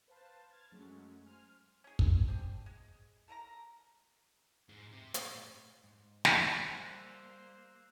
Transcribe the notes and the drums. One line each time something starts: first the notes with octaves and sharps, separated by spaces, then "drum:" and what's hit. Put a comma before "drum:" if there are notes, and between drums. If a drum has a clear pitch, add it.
B4 C5 F5 A5
F6 G#6 A6
F#2 F#3 G#3 A3 C#4
C5 G#5 F6
C#4 G#4
C6, drum: kick
C4 D4 G#4
G#3
A4 A#4 A5 A#5
G#2
C3
A2, drum: hi-hat
G#2
drum: snare
G3 A#3 C5 E6 F#6